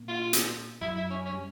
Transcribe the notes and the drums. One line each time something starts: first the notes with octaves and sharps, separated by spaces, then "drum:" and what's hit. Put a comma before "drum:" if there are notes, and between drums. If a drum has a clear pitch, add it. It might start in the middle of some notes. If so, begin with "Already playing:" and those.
Already playing: A#2 A#3
F4
drum: hi-hat
F#2 F#3 E4
E4
C#4
C#4
G3